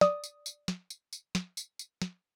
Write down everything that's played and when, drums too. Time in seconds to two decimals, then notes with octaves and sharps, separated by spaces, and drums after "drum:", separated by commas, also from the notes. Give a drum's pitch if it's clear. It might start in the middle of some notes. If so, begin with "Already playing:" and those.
0.01 D5 D#6, drum: snare
0.24 drum: tambourine
0.46 drum: tambourine
0.68 drum: snare
0.90 drum: tambourine
1.13 drum: tambourine
1.35 drum: snare
1.57 drum: tambourine
1.79 drum: tambourine
2.02 drum: snare